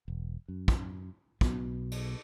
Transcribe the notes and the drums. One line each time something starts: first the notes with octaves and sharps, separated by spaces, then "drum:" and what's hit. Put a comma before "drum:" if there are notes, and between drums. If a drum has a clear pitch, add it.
E1
F#2
drum: kick
B1 B2, drum: kick
drum: cymbal